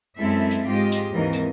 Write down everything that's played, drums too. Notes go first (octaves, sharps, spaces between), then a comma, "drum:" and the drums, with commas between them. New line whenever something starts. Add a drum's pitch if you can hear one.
F#2 G#3 C4 E4 A4 E5
drum: hi-hat
G#2 G#3 F4 G4 D#5
drum: hi-hat
D#2 G#2 E3 C4 A#4 D#5
drum: hi-hat